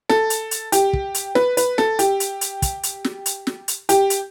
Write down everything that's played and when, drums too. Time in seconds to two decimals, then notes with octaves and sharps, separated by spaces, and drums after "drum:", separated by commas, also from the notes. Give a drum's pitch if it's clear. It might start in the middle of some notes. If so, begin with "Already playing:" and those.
0.09 A4, drum: snare
0.30 drum: hi-hat
0.51 drum: hi-hat
0.72 G4, drum: hi-hat
0.93 drum: kick
1.14 drum: hi-hat
1.35 B4, drum: snare
1.57 B4, drum: hi-hat
1.78 A4, drum: snare
1.99 G4, drum: hi-hat
2.20 drum: hi-hat
2.41 drum: hi-hat
2.62 drum: kick, hi-hat
2.83 drum: hi-hat
3.04 drum: snare
3.26 drum: hi-hat
3.47 drum: snare
3.68 drum: hi-hat
3.89 G4, drum: hi-hat
4.10 drum: hi-hat